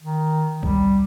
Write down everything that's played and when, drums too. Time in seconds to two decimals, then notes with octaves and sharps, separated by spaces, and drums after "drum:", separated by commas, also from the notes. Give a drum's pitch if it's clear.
0.02 D#3
0.63 G3, drum: kick